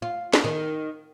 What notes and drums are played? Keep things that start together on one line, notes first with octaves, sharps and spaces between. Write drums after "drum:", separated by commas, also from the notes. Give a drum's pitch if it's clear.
F4
drum: snare
D#3